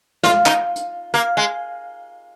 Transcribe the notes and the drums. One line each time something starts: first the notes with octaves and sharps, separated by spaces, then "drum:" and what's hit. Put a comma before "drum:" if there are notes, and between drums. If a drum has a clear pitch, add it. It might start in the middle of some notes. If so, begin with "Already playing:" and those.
F4, drum: snare
D#4, drum: clap
drum: hi-hat
A#3
G#3